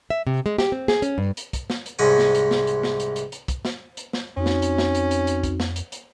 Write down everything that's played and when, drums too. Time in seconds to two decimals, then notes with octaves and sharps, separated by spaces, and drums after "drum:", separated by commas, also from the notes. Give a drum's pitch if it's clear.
0.10 E5
0.27 C3
0.46 G#3
0.58 G4, drum: snare
0.72 C4
0.88 G#4, drum: snare
1.02 C#4, drum: hi-hat
1.18 G2
1.37 drum: hi-hat
1.53 drum: kick, hi-hat
1.70 drum: snare
1.86 drum: hi-hat
1.99 C2 G#2 G#3 C#4 G#5
2.18 drum: snare
2.35 drum: hi-hat
2.51 drum: snare
2.67 drum: hi-hat
2.83 drum: snare
3.00 drum: hi-hat
3.16 drum: hi-hat
3.32 drum: hi-hat
3.48 drum: kick, hi-hat
3.65 drum: snare
3.97 drum: hi-hat
4.13 drum: snare
4.37 F2 C4 C#4 D#4 F#4
4.46 drum: snare
4.62 drum: hi-hat
4.78 drum: snare
4.95 drum: hi-hat
5.11 drum: hi-hat
5.27 drum: hi-hat
5.43 drum: kick, hi-hat
5.60 drum: snare
5.76 drum: hi-hat
5.92 drum: hi-hat